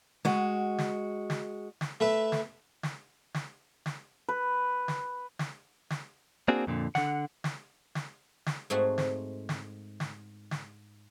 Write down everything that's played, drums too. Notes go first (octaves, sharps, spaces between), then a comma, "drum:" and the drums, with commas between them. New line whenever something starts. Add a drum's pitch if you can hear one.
G#3 F#4, drum: snare
drum: snare
drum: snare
drum: snare
A3 B4 E5
drum: snare
drum: snare
drum: snare
drum: snare
B4
drum: snare
drum: snare
drum: snare
A#3 C4 D4 F#4 G#4
F2 A#2 D3
D3 F#5, drum: snare
drum: snare
drum: snare
drum: snare
G#2 G#3 A3 C4 F#4
drum: snare
drum: snare
drum: snare
drum: snare